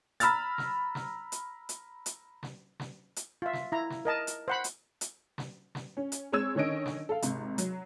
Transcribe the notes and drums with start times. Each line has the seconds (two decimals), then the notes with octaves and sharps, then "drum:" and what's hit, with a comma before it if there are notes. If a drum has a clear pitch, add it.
0.20 A#5 B5 E6 F6 A6, drum: hi-hat
0.58 drum: snare
0.95 drum: snare
1.32 drum: hi-hat
1.69 drum: hi-hat
2.06 drum: hi-hat
2.43 drum: snare
2.80 drum: snare
3.16 drum: hi-hat
3.42 F4 E5
3.53 drum: snare
3.72 E4 A#5
3.90 drum: snare
4.05 A#4 D#5 A5
4.27 drum: hi-hat
4.48 C5 F#5 B5
4.64 drum: hi-hat
5.01 drum: hi-hat
5.38 drum: snare
5.75 drum: snare
5.97 C#4
6.12 drum: hi-hat
6.32 G#3 C4 C#5 E6 G#6 E7
6.55 D3 D#3 C#4 C#5 D#5 D7
6.86 drum: snare
7.09 A4 F5
7.22 G#1 C3, drum: hi-hat
7.58 F#3, drum: hi-hat